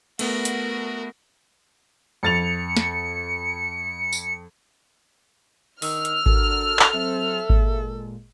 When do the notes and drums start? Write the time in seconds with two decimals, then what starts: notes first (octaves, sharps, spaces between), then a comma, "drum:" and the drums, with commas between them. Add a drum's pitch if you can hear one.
0.19 A3 B3 F#4 A#4, drum: cymbal
0.45 drum: hi-hat
2.23 F2 A6 C#7 F7
2.77 drum: snare
4.13 drum: tambourine
5.82 D#3 E6 F6, drum: open hi-hat
6.05 drum: hi-hat
6.26 D4 F#4 A4 A#4, drum: kick G#1
6.79 drum: clap
6.93 F#3 C4 E5
7.50 A#2 G#3, drum: kick G#1